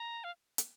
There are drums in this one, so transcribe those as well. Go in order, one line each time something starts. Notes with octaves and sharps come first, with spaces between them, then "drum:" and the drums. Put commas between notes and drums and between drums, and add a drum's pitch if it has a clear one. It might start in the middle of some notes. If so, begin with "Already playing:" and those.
Already playing: A#5
F5
drum: hi-hat